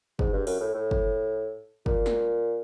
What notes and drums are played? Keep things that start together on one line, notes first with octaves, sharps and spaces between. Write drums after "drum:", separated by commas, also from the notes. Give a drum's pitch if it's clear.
G#2, drum: kick
G2
F#2, drum: open hi-hat
A2
A2
drum: kick
A#2, drum: kick
drum: snare